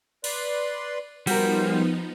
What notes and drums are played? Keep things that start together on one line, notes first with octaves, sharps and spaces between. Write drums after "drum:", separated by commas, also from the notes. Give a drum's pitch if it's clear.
B4 D5 C6, drum: cymbal
F3 G3 B3 D#4 F#4 A#4 C5, drum: cymbal